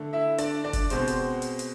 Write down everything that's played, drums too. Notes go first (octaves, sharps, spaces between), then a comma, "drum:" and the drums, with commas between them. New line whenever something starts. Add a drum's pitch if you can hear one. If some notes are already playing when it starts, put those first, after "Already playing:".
Already playing: D3 A3
E4 E5
D4 D5, drum: hi-hat
D4 D5
drum: kick F1, hi-hat
B2 G#3 C4 C5, drum: hi-hat
drum: hi-hat
drum: hi-hat
drum: hi-hat